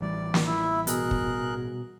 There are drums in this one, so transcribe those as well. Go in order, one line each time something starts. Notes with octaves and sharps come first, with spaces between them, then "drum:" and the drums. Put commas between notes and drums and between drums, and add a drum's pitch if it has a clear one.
A1 E3 G3 D5
drum: snare
E4 E5
B2 G#4 A#4 F#6, drum: hi-hat
drum: kick